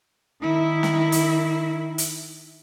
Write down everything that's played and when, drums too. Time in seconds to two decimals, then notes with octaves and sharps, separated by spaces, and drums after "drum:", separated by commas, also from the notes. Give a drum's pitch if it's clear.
0.42 D#3 E4
0.83 drum: snare
1.12 drum: hi-hat
1.98 drum: hi-hat